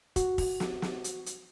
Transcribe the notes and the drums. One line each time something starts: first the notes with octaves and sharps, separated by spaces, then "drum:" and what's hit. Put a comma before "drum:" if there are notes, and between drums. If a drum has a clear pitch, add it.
F#4, drum: kick, hi-hat
drum: kick, open hi-hat
drum: snare
drum: snare
drum: hi-hat
drum: hi-hat